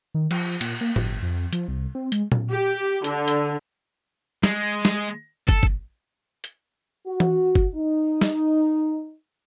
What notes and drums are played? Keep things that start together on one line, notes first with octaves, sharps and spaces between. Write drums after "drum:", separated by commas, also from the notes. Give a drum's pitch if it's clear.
D#3
F3, drum: cymbal
A#2, drum: cymbal
A#3
G1, drum: tom A2
F2
F3, drum: hi-hat
C2
C4
G#3, drum: hi-hat
drum: tom A#2
G4
D3, drum: hi-hat
drum: hi-hat
G#3, drum: snare
drum: snare
A4, drum: kick
drum: kick
drum: hi-hat
F#4
drum: tom E3
drum: kick
D#4
drum: snare